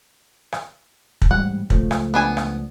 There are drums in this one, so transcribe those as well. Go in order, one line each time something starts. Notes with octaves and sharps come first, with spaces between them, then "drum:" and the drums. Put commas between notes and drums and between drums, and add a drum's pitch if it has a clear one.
drum: rim click
drum: kick
A1 G#2 G3 F#5
C#2 F3 A3, drum: kick
drum: rim click
B3 D4 G#5
drum: rim click